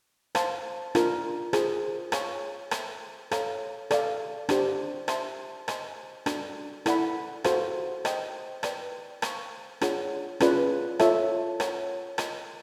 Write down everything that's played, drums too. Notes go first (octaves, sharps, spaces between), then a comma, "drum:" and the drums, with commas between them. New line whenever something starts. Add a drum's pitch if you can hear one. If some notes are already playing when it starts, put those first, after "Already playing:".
C5 F5 A5 C6, drum: rim click
D4 F4 A#4, drum: rim click
F4 G#4 C5, drum: rim click
G#4 C#5 F5 G#5 C#6, drum: rim click
A4 C5 E5 G5 C6, drum: rim click
A4 C#5 F5 A#5, drum: rim click
A4 D5 F5, drum: rim click
D4 G4 C5, drum: rim click
C5 E5 A5 C6, drum: rim click
C5 D#5 G#5 C6, drum: rim click
D4 F#4 A4, drum: rim click
E4 A4 D5 F#5 B5, drum: rim click
F#4 A4 C5 F5, drum: rim click
C5 D#5 G5, drum: rim click
B4 D5 G5, drum: rim click
C5 F5 A#5 C#6, drum: rim click
D4 F4 G#4 C#5 F#5, drum: rim click
C#4 F4 G#4 B4 D5, drum: rim click
F4 A4 C#5 E5 A5, drum: rim click
A#4 C#5 F#5 A#5, drum: rim click
F4 A#4 D#5, drum: rim click